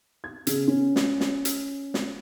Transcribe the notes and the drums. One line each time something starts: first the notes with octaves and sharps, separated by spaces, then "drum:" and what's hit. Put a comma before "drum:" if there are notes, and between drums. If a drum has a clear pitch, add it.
G#6
C#3, drum: hi-hat
C#4
drum: snare
drum: snare
drum: hi-hat
drum: snare